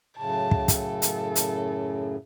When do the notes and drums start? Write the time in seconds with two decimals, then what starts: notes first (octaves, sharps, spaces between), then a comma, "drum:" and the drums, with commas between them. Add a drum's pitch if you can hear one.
0.18 F#2 A2 C#3 A5
0.51 drum: kick
0.68 drum: kick, hi-hat
0.77 A4
1.02 drum: hi-hat
1.36 drum: hi-hat